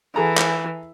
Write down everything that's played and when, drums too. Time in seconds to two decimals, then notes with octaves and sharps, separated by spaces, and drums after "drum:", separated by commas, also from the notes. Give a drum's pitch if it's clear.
0.16 E3 G#4 A4 A#5
0.38 drum: clap